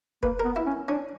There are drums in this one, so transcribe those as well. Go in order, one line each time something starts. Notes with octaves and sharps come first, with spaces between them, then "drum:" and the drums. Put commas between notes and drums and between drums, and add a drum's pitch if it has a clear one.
A#3 B4, drum: kick
A#4
B3
E4
C#4
C#4 D4